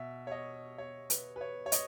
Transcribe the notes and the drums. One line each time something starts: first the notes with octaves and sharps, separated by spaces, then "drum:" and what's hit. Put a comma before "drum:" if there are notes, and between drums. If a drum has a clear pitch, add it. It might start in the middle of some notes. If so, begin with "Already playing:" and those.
Already playing: B2 E5
C#5
D#5
B2 C#5
B4, drum: hi-hat
B4
C#5
C#5
D#5, drum: hi-hat